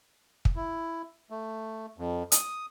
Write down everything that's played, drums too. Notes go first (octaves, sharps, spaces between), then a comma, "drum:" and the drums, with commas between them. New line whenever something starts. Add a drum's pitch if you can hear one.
drum: kick
E4
A3
F2
D#6, drum: hi-hat